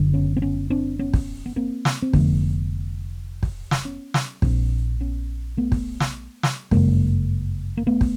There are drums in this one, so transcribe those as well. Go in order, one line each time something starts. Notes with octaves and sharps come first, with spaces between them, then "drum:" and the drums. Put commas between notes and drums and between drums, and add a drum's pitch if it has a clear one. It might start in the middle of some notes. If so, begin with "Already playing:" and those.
Already playing: F#1 D3
B3 C#4
C4
B3 C#4
C4 D4
B3 C#4
drum: kick
B3
A#3 C4
drum: snare
C4
F1 F2 D3 A3 B3, drum: kick
drum: kick
drum: snare
B3 C#4
drum: snare
A#1 A#2 C4 D4, drum: kick
B3 C#4
A3 B3
drum: kick
drum: snare
drum: snare
G1 F#2 C#3 G#3 A#3, drum: kick
A#3
A3 B3
drum: kick